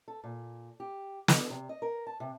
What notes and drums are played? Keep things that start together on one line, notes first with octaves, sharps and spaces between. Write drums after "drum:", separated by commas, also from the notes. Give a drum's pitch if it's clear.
A4
A#2
G4
D3, drum: snare
C3
D#5
A#4
A5
C3